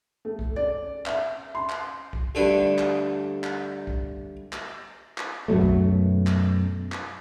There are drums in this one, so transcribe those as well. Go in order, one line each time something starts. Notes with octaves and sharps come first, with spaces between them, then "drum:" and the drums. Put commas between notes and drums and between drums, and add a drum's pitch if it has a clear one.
A3
drum: kick
D5
E5, drum: clap
C6
drum: clap
drum: kick
D2 G2 D3 D4 A4 B4
drum: clap
drum: clap
drum: kick
drum: clap
drum: clap
F#2 B2 F#3 A3
drum: kick
drum: clap
drum: clap